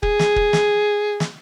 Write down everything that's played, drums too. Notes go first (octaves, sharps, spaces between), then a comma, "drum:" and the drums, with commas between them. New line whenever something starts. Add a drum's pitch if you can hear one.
G#4, drum: kick
drum: snare
drum: kick
drum: snare
drum: snare